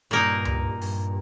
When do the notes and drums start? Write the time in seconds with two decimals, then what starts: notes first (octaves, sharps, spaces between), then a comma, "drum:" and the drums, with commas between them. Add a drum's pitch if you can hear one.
0.11 G2 A#2 A#3 D#4 A#4
0.45 drum: tom C#2
0.81 G2, drum: open hi-hat